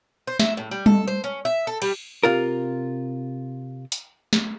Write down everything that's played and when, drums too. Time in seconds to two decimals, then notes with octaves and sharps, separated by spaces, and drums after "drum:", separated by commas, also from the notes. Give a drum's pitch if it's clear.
0.27 C5
0.39 E5, drum: snare
0.57 A2
0.71 G3
0.86 A4, drum: tom G3
1.07 C5
1.24 C#4
1.45 E5
1.67 A4
1.82 G3, drum: cymbal
2.23 C3 F4 A#4
3.92 drum: hi-hat
4.33 drum: snare